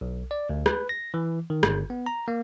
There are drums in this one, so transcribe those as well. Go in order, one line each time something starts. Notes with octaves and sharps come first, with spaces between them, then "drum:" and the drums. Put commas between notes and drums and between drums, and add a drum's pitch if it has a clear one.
B1
D5
D2
B4, drum: rim click
A#6
E3
D#3
G1, drum: rim click
B3
A#5
A#3